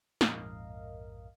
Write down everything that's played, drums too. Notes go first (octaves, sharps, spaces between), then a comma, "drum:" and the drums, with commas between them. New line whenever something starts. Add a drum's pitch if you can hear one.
A#1 F2 G#2 A#4 D#5 F5, drum: snare